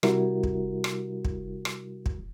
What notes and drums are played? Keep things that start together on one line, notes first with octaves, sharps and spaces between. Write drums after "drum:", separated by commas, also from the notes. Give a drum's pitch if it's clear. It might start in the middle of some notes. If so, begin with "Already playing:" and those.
C3 G3 E4 F#4 A#4, drum: rim click
drum: kick
drum: rim click
drum: kick
drum: rim click
drum: kick